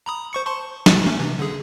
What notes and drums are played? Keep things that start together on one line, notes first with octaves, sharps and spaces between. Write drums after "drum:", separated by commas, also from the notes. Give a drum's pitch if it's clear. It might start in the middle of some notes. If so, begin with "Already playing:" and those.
A#5 B5 D#6
C5 C#6 C#7
A5 C6 C#6
drum: snare
A3 A#3 C#4
C3 E3
D3 G#4